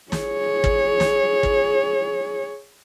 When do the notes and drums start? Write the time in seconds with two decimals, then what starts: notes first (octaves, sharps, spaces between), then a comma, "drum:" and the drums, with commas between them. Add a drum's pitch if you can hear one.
0.12 G#4 C#5, drum: snare
0.64 drum: kick
1.00 drum: snare
1.43 drum: kick